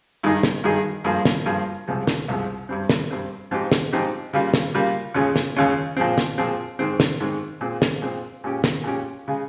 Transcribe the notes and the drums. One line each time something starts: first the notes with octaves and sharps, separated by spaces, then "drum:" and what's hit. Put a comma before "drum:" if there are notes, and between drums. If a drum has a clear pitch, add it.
G2 D#3 G#3 D#4 G#4
drum: snare
G2 D#3 G#3 D#4 G#4
G2 F3 A#3 F4 G#4
drum: snare
G2 F3 A#3 F4 G#4
C2 C3 F3 G#3
drum: snare
C2 C3 F3 G#3
G2 G3 C4
drum: snare
G2 G3 C4
G#2 F3 C4 D#4 G4
drum: snare
G#2 F3 C4 D#4 G4
C#3 G3 A#3 F4
drum: snare
C#3 G3 A#3 F4
D#2 C#3 G#3 C#4 F4
drum: snare
D#2 C#3 G#3 C#4 F4
A#2 F3 G#3 C4
drum: snare
A#2 F3 G#3 C4
G#2 D#3 G#3 C4
drum: snare
G#2 D#3 G#3 C4
A#2 G#3 C4
drum: snare
A#2 G#3 C4
A#2 G#3 C#4 G4
drum: snare
A#2 G#3 C#4 G4
C#3 G#3